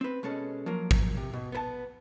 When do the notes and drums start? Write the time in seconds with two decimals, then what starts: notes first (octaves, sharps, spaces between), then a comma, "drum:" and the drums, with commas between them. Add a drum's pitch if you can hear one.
0.01 C4 B4
0.23 B2 G#3 C#4 A4
0.66 F3 F#3 A#3 A#4
0.91 drum: kick
1.17 C3
1.33 B2
1.52 B3 B4 A5